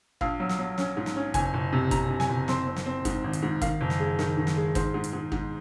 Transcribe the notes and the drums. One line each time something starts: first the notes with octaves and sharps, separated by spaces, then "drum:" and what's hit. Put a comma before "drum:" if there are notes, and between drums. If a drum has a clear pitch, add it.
A#1 F5, drum: kick
F#3
drum: snare
F#3
C#4, drum: snare
G#2
drum: snare
C#4
F#1 G#5, drum: kick, hi-hat
F#1
C3
C3 A#5, drum: kick, hi-hat
C3
G#5, drum: snare
F#1
C4 C6, drum: snare
C4
drum: snare
C4
G#2, drum: kick, hi-hat
G#1
drum: hi-hat
G#2
D#3 F5, drum: kick, hi-hat
F#1
drum: snare
G#3
D#3, drum: snare
D#3
drum: snare
G#3
G#2 C5, drum: kick, hi-hat
G#2
drum: hi-hat
G#2
G#2, drum: kick